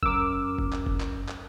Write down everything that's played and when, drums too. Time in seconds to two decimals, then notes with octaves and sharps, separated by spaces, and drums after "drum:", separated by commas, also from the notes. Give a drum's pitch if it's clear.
0.03 F#2 A#4 D6 E6, drum: kick F#1
0.58 drum: kick F#1
0.72 drum: clap
0.86 drum: kick F#1
1.00 drum: clap
1.28 drum: clap